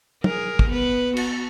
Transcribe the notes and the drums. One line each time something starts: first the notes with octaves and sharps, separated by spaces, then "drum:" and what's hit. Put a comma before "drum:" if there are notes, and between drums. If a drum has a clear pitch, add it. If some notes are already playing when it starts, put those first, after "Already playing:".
G#4 A#4, drum: tom
drum: kick
B3 B4
F#4, drum: cymbal